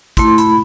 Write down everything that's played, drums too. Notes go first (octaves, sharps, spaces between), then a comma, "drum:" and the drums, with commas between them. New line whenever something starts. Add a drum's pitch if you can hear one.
A3 E4 C6, drum: kick, hi-hat
B5, drum: hi-hat